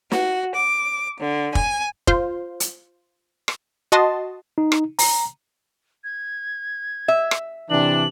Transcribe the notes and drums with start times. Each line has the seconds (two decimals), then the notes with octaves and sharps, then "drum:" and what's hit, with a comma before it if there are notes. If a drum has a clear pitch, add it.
0.12 F#4, drum: snare
0.56 D6
1.20 D3
1.55 G#5, drum: kick
2.07 F4 C5, drum: kick
2.60 drum: hi-hat
3.48 drum: rim click
3.92 F#4 D#5 A5 C6
4.58 D#4
4.72 drum: rim click
4.99 A#5, drum: open hi-hat
6.04 G#6
7.08 E5
7.31 drum: rim click
7.70 C3 E3 D4 F#7